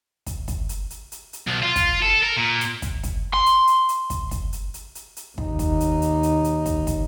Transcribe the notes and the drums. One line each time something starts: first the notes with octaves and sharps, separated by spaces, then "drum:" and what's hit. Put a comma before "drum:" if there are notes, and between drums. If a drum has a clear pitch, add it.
drum: kick, hi-hat
drum: kick, hi-hat
drum: hi-hat
drum: hi-hat
drum: hi-hat
drum: hi-hat
B1
F4
drum: kick, hi-hat
A4
A#4
A#2
drum: hi-hat
drum: kick, hi-hat
drum: kick, hi-hat
C6
drum: hi-hat
drum: hi-hat
drum: hi-hat
drum: kick, hi-hat
drum: kick, hi-hat
drum: hi-hat
drum: hi-hat
drum: hi-hat
drum: hi-hat
D#2 D#4, drum: kick
drum: kick, hi-hat
drum: hi-hat
drum: hi-hat
drum: hi-hat
drum: hi-hat
drum: kick, hi-hat
drum: kick, hi-hat